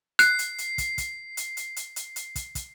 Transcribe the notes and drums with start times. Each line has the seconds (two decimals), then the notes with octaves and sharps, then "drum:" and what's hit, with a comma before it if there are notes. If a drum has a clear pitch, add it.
0.19 F#6 C7, drum: hi-hat
0.39 drum: hi-hat
0.58 drum: hi-hat
0.78 drum: kick, hi-hat
0.98 drum: kick, hi-hat
1.37 drum: hi-hat
1.57 drum: hi-hat
1.76 drum: hi-hat
1.96 drum: hi-hat
2.16 drum: hi-hat
2.35 drum: kick, hi-hat
2.55 drum: kick, hi-hat